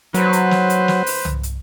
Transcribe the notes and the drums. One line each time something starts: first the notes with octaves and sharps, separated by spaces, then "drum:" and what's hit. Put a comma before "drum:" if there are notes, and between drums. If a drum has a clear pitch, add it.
F#3 B4 C5, drum: hi-hat
drum: hi-hat
drum: snare
drum: hi-hat
drum: snare
drum: open hi-hat
drum: tom C2
drum: hi-hat